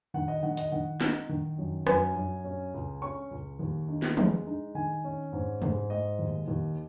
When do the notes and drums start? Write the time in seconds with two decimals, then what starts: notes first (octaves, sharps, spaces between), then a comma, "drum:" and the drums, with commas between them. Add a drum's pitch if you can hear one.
0.14 D#3 F#5
0.28 D#5
0.43 D#3 F#5
0.57 D#5, drum: hi-hat
0.72 D#3 F#5
1.01 D#4, drum: snare
1.29 D#3
1.58 F#2
1.87 F#2 G#5, drum: rim click
2.16 F#2
2.44 C#4
2.74 C#2
3.02 C#4 C#6
3.31 C#2
3.59 D#2
3.88 D#4
4.02 drum: snare
4.17 G#3, drum: tom
4.47 D#4
4.75 D#3 G#5
5.04 C#4
5.32 G#2
5.62 G#2, drum: tom
5.90 G#3 D#5
6.19 D#2
6.48 D#2